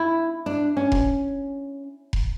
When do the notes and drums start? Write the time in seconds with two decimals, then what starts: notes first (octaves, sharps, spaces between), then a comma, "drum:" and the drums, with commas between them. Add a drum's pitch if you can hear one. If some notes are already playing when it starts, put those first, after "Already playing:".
Already playing: E4
0.46 D4
0.77 C#4
0.92 drum: kick F1
2.13 drum: kick F1